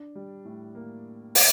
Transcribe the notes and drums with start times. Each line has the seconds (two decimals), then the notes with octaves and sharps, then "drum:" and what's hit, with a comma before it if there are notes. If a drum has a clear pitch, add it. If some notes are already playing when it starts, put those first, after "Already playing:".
Already playing: D4
0.15 G3
0.45 A2
0.75 A#3
1.35 drum: open hi-hat